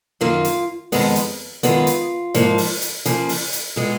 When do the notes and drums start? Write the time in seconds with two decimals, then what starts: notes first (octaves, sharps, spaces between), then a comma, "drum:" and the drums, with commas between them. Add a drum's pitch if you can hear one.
0.21 F#2 D#3 A#3 F4
0.45 drum: hi-hat
0.92 F2 D#3 G#3 B3, drum: open hi-hat
1.16 drum: hi-hat
1.63 F#2 D#3 G#3 B3 F4, drum: hi-hat
1.87 drum: hi-hat
2.34 G#2 F3 A#3, drum: hi-hat
2.58 drum: open hi-hat
2.82 drum: hi-hat
3.06 C#3 F3 A#3, drum: hi-hat
3.29 drum: open hi-hat
3.53 drum: hi-hat
3.76 A#2 G#3 B3